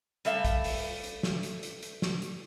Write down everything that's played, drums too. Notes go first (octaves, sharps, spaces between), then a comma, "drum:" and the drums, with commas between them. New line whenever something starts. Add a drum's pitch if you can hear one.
G3 A3 E5 F5, drum: hi-hat
drum: kick, hi-hat
drum: open hi-hat
drum: hi-hat
drum: snare
drum: hi-hat
drum: hi-hat
drum: hi-hat
drum: snare
drum: hi-hat